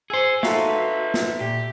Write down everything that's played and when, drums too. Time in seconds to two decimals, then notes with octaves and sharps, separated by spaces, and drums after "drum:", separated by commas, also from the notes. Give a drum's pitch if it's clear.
0.10 G#4 C5 G#5 E6
0.43 G#3 D#4 F#4 A4 E5 F5 A#5 C6, drum: snare
0.67 D#4 B4
1.14 drum: snare
1.41 A#2 G4